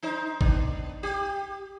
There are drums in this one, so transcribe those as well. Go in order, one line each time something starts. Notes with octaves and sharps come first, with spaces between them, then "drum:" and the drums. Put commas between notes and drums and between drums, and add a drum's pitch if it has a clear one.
D4 D#4 C5
B3 D4, drum: kick A1
G4